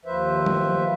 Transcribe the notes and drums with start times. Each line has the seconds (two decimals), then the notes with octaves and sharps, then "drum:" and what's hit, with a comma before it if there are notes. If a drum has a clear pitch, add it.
0.05 D#2 F3 B4 C5 E5
0.46 drum: tom F3